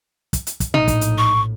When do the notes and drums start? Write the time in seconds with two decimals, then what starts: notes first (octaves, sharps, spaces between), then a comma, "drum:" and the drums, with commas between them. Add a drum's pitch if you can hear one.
0.33 drum: kick, hi-hat
0.47 drum: hi-hat
0.60 drum: kick, hi-hat
0.74 A#1 A2 D#4, drum: tom A#2
0.88 drum: kick, hi-hat
1.01 drum: hi-hat
1.18 C#6